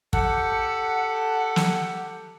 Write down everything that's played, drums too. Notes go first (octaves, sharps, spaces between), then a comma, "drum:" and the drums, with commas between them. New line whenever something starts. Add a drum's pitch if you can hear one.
G4 A4 F#5, drum: kick
drum: snare